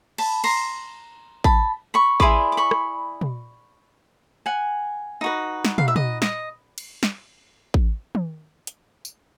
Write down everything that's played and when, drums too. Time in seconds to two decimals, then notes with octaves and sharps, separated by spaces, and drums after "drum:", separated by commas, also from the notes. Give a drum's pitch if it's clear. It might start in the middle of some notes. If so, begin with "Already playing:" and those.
0.18 A5 B5, drum: cymbal
0.44 A#5 C6, drum: cymbal
1.44 A5 B5, drum: kick A1
1.94 B5 C#6
2.20 E4 G#4 B4 D5 C6 D6, drum: kick A1
2.52 D6
2.57 B5 C#6
2.71 drum: rim click
3.21 drum: tom
4.46 F#5 G#5
5.21 D#4 F#4 B4
5.65 drum: snare
5.78 F5, drum: tom
5.88 E5
5.96 D#5, drum: tom
6.22 D#5, drum: snare
6.78 drum: cymbal
7.03 drum: snare
7.74 drum: kick A1
8.15 drum: tom
8.67 drum: hi-hat
9.05 drum: tambourine